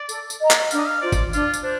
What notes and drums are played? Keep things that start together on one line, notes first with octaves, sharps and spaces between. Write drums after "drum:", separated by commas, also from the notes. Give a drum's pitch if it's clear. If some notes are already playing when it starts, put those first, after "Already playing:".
Already playing: D5
A4, drum: tambourine
drum: tambourine
D#5 A#5
drum: clap
D4 F5, drum: tambourine
D#5
F5
F4 C5 D5
drum: kick F#1, tambourine
D4 F4, drum: tambourine
drum: tambourine
D4 C5